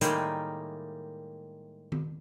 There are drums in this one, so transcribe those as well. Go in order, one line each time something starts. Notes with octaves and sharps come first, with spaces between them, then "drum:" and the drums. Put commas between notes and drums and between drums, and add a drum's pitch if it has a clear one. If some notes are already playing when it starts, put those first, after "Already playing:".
A2 D#3 G3 G#3 A#3, drum: hi-hat
drum: tom D#3